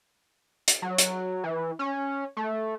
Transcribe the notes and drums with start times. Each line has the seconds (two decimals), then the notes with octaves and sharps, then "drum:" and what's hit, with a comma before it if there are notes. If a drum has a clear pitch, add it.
0.68 drum: hi-hat
0.82 F#3
0.98 drum: hi-hat
1.44 E3
1.79 C#4
2.37 A3